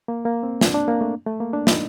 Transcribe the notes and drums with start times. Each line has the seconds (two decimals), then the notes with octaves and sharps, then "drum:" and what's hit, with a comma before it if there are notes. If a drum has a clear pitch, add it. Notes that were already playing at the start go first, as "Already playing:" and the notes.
0.08 A#3
0.25 A#3
0.43 C4
0.61 D4, drum: snare
0.74 D4
0.88 A#3
1.01 A3
1.27 A3
1.40 A#3
1.53 D4
1.67 D#4, drum: snare